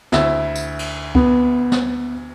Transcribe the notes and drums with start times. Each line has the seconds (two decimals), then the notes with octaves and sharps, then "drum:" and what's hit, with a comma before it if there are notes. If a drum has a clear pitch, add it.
0.12 D2 E4 E5, drum: snare
0.56 drum: tambourine
0.79 drum: cymbal
1.15 B3, drum: kick C#2
1.72 drum: snare